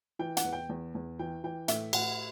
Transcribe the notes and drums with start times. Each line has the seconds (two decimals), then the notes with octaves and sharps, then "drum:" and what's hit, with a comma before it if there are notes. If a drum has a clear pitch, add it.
0.19 E3 G5
0.37 F#5, drum: hi-hat
0.44 E2
0.53 G5
0.69 E2
0.95 E2
1.19 E3 G5
1.44 E3 G5
1.68 A2 E5, drum: hi-hat
1.93 A2 F#5, drum: cymbal